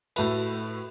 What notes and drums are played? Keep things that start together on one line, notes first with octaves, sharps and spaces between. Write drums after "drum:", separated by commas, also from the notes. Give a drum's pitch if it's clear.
A2 A3 F#4 B4, drum: cymbal